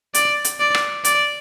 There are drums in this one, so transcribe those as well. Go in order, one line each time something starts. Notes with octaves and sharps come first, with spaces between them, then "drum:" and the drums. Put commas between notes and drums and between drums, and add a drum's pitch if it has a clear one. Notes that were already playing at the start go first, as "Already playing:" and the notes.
D5, drum: hi-hat
drum: hi-hat
D5
drum: rim click
D5, drum: hi-hat